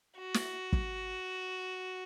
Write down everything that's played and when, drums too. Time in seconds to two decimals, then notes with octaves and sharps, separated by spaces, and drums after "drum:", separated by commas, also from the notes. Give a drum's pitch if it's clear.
0.19 F#4
0.34 drum: snare
0.73 drum: kick